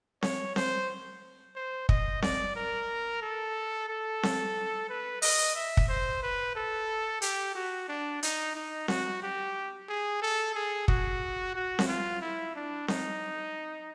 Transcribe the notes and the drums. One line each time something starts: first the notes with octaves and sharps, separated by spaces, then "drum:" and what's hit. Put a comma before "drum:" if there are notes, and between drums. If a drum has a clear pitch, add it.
C#5, drum: snare C4
C5, drum: snare C4
C5
D#5, drum: kick
D5, drum: snare C4
A#4
A4
A4
drum: snare C4
B4
D#5, drum: open hi-hat
E5
drum: kick
C5
B4
A4
G4, drum: hi-hat
F#4
D4
D#4, drum: hi-hat
D#4
F#4, drum: snare C4
G4
G#4
A4
G#4
F#4, drum: kick
F#4
drum: snare C4
F4
E4
D4
D#4, drum: snare C4